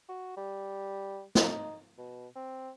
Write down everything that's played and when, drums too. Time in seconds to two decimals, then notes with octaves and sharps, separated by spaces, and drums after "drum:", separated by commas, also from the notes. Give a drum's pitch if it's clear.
0.09 F#4
0.37 G3
1.35 D#4, drum: snare
1.98 B2
2.35 C4